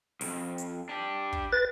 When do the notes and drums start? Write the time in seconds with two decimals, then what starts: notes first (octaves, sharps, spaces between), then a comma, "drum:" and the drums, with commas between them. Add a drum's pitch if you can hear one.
0.21 B1 F2, drum: open hi-hat
0.58 drum: hi-hat
0.89 D4 G4
1.33 drum: kick
1.53 B4 A6